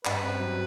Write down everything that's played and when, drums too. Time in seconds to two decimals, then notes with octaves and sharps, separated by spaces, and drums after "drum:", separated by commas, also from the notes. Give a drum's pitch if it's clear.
0.05 G2 B4, drum: clap
0.23 C4
0.40 F#3